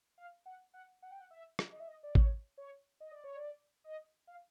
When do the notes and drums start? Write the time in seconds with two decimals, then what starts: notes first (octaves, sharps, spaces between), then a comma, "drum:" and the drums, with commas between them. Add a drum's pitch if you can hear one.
0.18 F5
0.46 F#5
0.74 F#5
1.02 F#5
1.11 G5
1.20 F#5
1.31 E5
1.59 drum: rim click
1.72 D#5
1.79 E5
1.87 D#5
2.03 D5
2.15 C#5, drum: kick G#1
2.58 C#5
3.00 D#5
3.12 D5
3.24 C#5
3.36 D5
3.84 D#5
4.27 F5